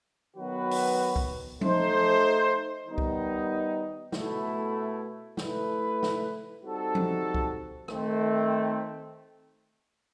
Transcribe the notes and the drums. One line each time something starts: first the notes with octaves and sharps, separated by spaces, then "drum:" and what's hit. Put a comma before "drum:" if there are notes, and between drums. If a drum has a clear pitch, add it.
D#3 F#3 B3 F#4 B4
drum: open hi-hat
drum: kick
A3 D#4 A4 C5, drum: tom F3
D#3 G3 B3 D#4
drum: kick
B2 A3 E4, drum: snare D#4
A3 E4 B4, drum: snare D#4
drum: snare D#4
G3 C4 D#4 F#4 A4
drum: tom F3
drum: kick
D#3 A3 C4, drum: rim click